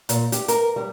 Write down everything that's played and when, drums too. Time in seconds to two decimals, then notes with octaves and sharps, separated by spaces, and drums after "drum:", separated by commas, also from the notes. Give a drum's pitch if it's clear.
0.09 A#2, drum: hi-hat
0.32 G4, drum: hi-hat
0.48 A#4, drum: hi-hat
0.76 G3